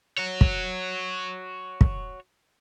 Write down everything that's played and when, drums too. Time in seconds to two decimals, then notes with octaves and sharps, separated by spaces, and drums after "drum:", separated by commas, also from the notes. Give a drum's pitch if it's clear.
0.18 F#4 C#5
0.41 drum: kick
1.81 drum: kick